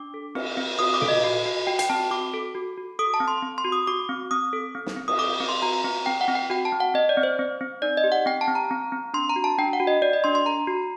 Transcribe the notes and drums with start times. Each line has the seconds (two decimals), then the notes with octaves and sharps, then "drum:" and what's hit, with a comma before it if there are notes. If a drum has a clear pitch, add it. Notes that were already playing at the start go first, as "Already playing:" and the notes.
Already playing: D4 D6
0.14 A4
0.35 C4, drum: cymbal
0.57 C4
0.79 F#4 D#6, drum: cymbal
0.94 D6
1.02 A4, drum: tom A#2
1.08 D#5
1.24 F#4
1.45 F#4
1.67 F#4 G5
1.79 G5, drum: hi-hat
1.89 C4 A5
2.11 F#4 D6
2.34 A4
2.55 F#4
2.78 F#4
2.99 A4 D#6
3.14 A5
3.20 C4
3.28 C6
3.42 C4
3.58 C6
3.64 F#4
3.72 D#6
3.87 F#4 D6
4.09 C4
4.31 C4 D#6
4.53 A4
4.75 C4
4.86 drum: snare
4.96 C4
5.08 D#6, drum: cymbal
5.19 A4 D6
5.40 C4
5.49 C6
5.62 F#4 A#5
5.84 C4
6.06 C4 G5
6.21 F#5
6.28 C4
6.35 G5
6.50 F#4 G5
6.65 A5
6.72 C4
6.80 F#5
6.94 C4 D#5
7.09 D5
7.17 C4
7.23 C5
7.39 C4
7.61 C4
7.82 D#4 D5
7.97 D#5
8.04 G4
8.12 F#5
8.26 C4 G5
8.41 A5
8.48 C4
8.55 A#5
8.71 C4
8.92 C4
9.14 D4 C6
9.29 A#5
9.36 F#4
9.44 A5
9.58 D4 G5
9.73 F#5
9.80 F#4
9.87 D#5
10.02 F#4 D5
10.13 D#5
10.24 D4 C6
10.35 C6
10.45 A4 A#5
10.67 F#4